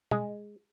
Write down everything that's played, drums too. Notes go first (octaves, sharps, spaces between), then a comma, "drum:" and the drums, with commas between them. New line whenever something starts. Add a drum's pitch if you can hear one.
G#3, drum: tom B2